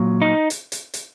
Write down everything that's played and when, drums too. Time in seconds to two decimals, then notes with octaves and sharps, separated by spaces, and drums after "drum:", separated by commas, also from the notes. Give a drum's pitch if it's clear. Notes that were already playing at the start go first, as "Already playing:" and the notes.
Already playing: A#2 F#3
0.22 D#4
0.50 drum: hi-hat
0.72 drum: hi-hat
0.94 drum: hi-hat